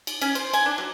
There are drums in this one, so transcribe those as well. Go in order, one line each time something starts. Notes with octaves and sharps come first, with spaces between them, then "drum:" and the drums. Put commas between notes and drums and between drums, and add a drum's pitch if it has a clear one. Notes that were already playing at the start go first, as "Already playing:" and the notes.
drum: cymbal
C#4, drum: cymbal
C5, drum: cymbal
G#5, drum: cymbal
D4
F#3